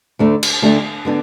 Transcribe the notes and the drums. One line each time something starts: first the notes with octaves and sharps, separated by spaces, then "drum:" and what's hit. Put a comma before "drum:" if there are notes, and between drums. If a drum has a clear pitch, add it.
D2 D3 A3 D4
drum: cymbal
D2 D3 A3 D4
D3 B3 D4